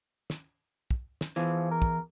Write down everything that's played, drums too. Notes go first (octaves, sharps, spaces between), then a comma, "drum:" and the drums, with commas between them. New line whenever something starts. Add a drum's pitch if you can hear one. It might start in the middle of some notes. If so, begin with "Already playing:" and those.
drum: snare
drum: kick
drum: snare
E2 E3 F3
A#4
drum: kick